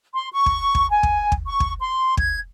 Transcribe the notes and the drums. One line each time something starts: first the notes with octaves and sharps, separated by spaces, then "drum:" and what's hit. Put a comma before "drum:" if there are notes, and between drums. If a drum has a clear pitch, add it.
C6
C#6
drum: kick
drum: kick
G#5
drum: kick
drum: kick
C#6
drum: kick
C6
G#6, drum: kick